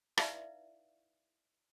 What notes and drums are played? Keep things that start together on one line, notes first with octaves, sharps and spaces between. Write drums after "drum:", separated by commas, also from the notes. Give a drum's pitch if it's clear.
D#4 E4 B4 D5 E5 F5, drum: rim click